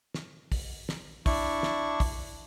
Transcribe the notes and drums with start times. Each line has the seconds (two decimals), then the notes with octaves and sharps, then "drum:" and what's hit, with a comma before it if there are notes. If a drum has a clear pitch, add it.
0.14 drum: snare
0.52 drum: kick, open hi-hat
0.89 drum: snare
1.26 D4 E4 C#6, drum: kick, open hi-hat
1.63 drum: snare
2.00 drum: kick, open hi-hat